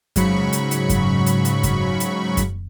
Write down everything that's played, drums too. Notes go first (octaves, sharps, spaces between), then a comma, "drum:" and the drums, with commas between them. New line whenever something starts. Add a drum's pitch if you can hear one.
G#2 C#3 F#3 B5 C#6, drum: kick F#2, hi-hat
drum: hi-hat
drum: hi-hat
drum: kick F#2, hi-hat
drum: hi-hat
drum: hi-hat
drum: kick F#2, hi-hat
drum: hi-hat
drum: kick F#2, hi-hat